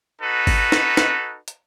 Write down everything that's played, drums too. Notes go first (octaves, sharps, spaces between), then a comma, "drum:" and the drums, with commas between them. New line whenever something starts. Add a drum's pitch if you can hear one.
D#4 F#4 A4 B4
drum: kick G#1, open hi-hat
drum: snare
drum: snare
drum: hi-hat